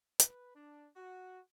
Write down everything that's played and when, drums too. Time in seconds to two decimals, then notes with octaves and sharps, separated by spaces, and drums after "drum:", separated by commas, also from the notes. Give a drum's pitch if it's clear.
0.20 B4, drum: hi-hat
0.53 D4
0.96 F#4